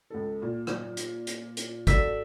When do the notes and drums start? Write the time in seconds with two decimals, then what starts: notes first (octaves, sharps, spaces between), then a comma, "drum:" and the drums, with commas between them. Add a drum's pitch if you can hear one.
0.10 C#2 A4
0.42 A#2
0.67 drum: rim click
0.97 drum: hi-hat
1.27 drum: hi-hat
1.57 drum: hi-hat
1.87 F#4 A4 D5 E5, drum: kick, hi-hat